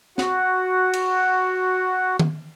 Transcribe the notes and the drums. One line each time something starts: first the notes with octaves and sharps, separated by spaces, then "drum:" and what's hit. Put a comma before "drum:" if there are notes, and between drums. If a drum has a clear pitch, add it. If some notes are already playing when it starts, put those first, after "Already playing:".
F#4 F#5, drum: snare
drum: cymbal
drum: tom